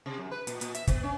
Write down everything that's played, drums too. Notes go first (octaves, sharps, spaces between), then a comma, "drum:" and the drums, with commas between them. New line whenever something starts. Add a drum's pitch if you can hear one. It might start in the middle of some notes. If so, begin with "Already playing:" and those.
C3
F#2
B4
A#2, drum: hi-hat
A#2, drum: hi-hat
E5, drum: hi-hat
B3, drum: kick, hi-hat
C#4